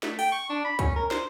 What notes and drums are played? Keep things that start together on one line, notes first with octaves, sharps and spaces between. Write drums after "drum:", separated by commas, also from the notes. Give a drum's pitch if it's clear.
A3, drum: snare
G5, drum: open hi-hat
C#6
D4
B5
C#4, drum: kick C2, hi-hat
A#4
C5, drum: snare